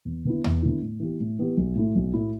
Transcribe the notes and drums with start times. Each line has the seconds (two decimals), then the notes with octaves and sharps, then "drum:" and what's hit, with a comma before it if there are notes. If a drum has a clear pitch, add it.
0.05 E2
0.25 D3 B3 E4
0.44 E2, drum: tom E2
0.62 D3 B3 E4
0.82 A2
1.00 E3 B3 G4
1.20 A2
1.39 E3 B3 G4
1.57 B1
1.75 A2 A3 E4
1.95 B1
2.14 A2 A3 E4